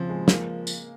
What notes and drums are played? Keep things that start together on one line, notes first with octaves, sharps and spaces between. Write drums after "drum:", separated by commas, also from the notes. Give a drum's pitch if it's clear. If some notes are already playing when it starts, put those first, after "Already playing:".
Already playing: C#3 F3 C4
G#3
A#3, drum: snare
drum: tambourine